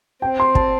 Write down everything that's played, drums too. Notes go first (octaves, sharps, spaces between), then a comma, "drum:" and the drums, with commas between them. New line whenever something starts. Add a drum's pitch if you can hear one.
C4 G5
C6
A5, drum: kick